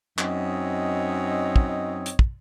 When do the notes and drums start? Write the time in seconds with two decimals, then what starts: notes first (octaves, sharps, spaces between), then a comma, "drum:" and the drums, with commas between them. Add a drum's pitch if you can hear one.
0.19 F#2 C4 D#4 C#5 D#5, drum: clap
1.56 drum: kick
2.06 drum: hi-hat
2.19 drum: kick